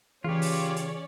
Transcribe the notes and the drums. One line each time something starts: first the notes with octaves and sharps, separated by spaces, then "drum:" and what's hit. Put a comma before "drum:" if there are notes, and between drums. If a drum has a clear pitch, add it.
C#3 E3 C#4 F4 G4 C#5 D5
drum: open hi-hat
drum: hi-hat